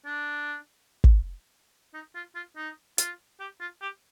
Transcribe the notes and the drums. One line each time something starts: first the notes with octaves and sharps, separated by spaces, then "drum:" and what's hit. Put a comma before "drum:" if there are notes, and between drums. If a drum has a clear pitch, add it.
D4
drum: kick
D#4
F4
F4
D#4
F4, drum: hi-hat
G4
F4
G4